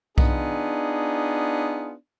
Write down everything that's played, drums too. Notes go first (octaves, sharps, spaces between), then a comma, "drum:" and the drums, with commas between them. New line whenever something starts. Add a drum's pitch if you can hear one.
B3 D4 D#4 F4 G#4, drum: kick B1